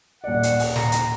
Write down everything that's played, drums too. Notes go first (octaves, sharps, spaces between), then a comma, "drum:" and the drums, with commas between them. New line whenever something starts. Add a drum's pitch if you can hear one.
D#1 D5 F#5
drum: hi-hat
drum: open hi-hat
A#5, drum: snare
drum: hi-hat